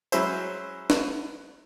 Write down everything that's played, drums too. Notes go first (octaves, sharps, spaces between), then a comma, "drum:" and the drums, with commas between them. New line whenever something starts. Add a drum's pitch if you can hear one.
F#3 G#3 C#4 E4 C5, drum: tambourine
drum: snare